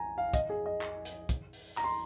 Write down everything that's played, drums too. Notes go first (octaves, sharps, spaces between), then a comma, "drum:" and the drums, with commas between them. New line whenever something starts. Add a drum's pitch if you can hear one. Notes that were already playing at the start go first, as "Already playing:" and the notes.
Already playing: G#5 A#5
F5
D#5, drum: kick, hi-hat
G#4
D#5
drum: clap
drum: hi-hat
drum: kick, hi-hat
drum: open hi-hat
A#5, drum: clap
C6